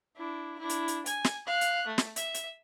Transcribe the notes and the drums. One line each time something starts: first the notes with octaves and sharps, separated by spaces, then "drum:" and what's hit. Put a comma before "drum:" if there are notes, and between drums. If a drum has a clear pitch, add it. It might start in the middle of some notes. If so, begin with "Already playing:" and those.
D4 E4
D4 E4
drum: hi-hat
drum: hi-hat
G#5, drum: hi-hat
drum: snare
F5 F#6
drum: hi-hat
A3
drum: snare
E5, drum: hi-hat
drum: hi-hat